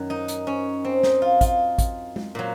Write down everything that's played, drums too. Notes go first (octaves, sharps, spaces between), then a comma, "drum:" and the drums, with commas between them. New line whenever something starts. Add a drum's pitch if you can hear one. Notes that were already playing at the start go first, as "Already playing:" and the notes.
Already playing: F#2 D#3 F#3
D#4
drum: hi-hat
C#4
C4
D#4, drum: snare
F4
F4, drum: kick, hi-hat
drum: kick, hi-hat
drum: tom
A#2 F#3